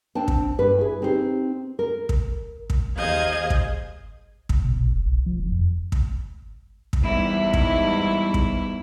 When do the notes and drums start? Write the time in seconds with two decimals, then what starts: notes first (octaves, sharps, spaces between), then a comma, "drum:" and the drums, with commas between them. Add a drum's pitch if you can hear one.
0.15 C4 D4 C5 G5 A5
0.28 drum: kick
0.58 G2 B4
0.78 E4 G#4
1.02 C4 D#4 G4 C5
1.79 A#4
2.09 drum: kick
2.70 drum: kick
2.97 D#2 G#4 C5 D#5 F5 G#6
3.50 drum: kick
4.49 G1, drum: kick
4.65 B2
4.81 A#1
4.93 F1
5.06 B1
5.26 F3
5.40 F#1
5.52 F2
5.92 drum: kick
6.93 drum: kick
7.02 E2 G#2 G3 E4
7.53 drum: kick
8.34 drum: kick